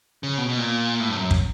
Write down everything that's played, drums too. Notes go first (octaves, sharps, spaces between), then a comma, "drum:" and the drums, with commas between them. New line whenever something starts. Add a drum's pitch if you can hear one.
C#3
B2
B2
A#2
A2
G2
F#2
drum: kick